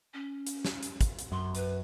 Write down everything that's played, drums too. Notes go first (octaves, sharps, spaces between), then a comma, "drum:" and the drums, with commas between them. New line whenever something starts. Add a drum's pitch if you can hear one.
C#4
drum: hi-hat
drum: snare
drum: hi-hat
drum: kick, hi-hat
drum: hi-hat
F#2 C6
B4, drum: hi-hat